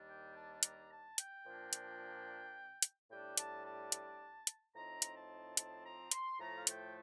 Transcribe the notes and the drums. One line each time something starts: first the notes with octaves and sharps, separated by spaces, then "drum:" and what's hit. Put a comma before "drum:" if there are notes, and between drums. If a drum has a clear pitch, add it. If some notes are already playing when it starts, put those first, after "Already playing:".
Already playing: D#2 D#3 G3 D4
G5
A5
A#5, drum: hi-hat
A5
G5, drum: hi-hat
A#2 F3 A#3 D4
drum: hi-hat
drum: hi-hat
A2 G3 D4 G5
A5, drum: hi-hat
A5
drum: hi-hat
drum: hi-hat
A2 F3 C4 D#4 A#5
drum: hi-hat
A5
A5, drum: hi-hat
A#5
C6, drum: hi-hat
A2 F3 A3 A#5
F5
G5, drum: hi-hat